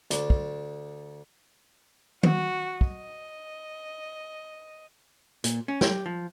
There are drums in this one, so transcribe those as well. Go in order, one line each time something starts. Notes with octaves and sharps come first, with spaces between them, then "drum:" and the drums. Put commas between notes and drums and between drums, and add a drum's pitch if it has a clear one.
D2 D4, drum: hi-hat
drum: kick
F#4, drum: tom D#3
D#5, drum: kick
A#2, drum: hi-hat
C#4
G4, drum: snare
F3